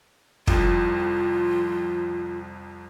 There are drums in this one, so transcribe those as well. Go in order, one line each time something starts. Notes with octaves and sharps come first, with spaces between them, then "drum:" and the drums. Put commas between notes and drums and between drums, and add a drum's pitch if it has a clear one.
C2 F2 F4, drum: kick